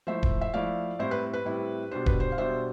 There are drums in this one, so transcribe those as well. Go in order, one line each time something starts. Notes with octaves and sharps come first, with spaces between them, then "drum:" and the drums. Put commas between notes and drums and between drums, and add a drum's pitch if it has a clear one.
F3 A3 E4 C5 E5
drum: kick D#1
E5
F3 A3 E4 D5 F5
A2 G3 C4 E4 C5
B4
B4
A2 G3 C4 E4
B2 G3 D4 C5
B4, drum: kick D#1
C5
F5
B2 G3 D4 C5 E5